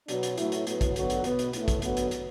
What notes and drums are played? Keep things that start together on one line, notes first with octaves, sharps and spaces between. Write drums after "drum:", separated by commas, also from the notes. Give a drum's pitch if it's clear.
B2 F#3 B3 D4, drum: hi-hat
drum: hi-hat
A2 F#3 A3 E4, drum: hi-hat
drum: hi-hat
A2 F#3 B3, drum: hi-hat
drum: kick, hi-hat
D3 F#3 B3 F#4, drum: hi-hat
drum: hi-hat
B2 B3, drum: hi-hat
drum: hi-hat
A2 A3, drum: hi-hat
drum: kick, hi-hat
D3 F#3 B3, drum: hi-hat
drum: hi-hat
drum: hi-hat